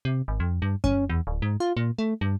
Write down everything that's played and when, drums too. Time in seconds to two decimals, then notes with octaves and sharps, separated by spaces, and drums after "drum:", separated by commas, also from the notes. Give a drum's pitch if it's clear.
0.05 C3
0.28 G#1
0.40 F2
0.62 G2
0.84 C#4, drum: kick F#2
1.09 E2
1.27 D1
1.42 G#2
1.60 F4
1.77 A#2
1.99 A3
2.21 G2